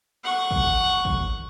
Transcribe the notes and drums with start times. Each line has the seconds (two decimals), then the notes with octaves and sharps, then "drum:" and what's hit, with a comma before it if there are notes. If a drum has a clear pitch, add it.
0.24 F#5 C#6
0.51 drum: kick
1.05 drum: kick